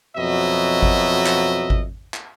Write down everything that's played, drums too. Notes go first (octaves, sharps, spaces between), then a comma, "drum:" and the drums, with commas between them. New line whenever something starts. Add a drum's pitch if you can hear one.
F2 B2 F#3 D#5 E5
drum: kick G#1
drum: clap
drum: kick G#1
drum: clap